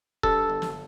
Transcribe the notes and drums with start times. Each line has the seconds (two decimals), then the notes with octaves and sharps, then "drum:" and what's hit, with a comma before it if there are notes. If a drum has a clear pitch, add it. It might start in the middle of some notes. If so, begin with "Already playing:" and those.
0.23 G2 A4, drum: kick
0.50 G1
0.62 drum: snare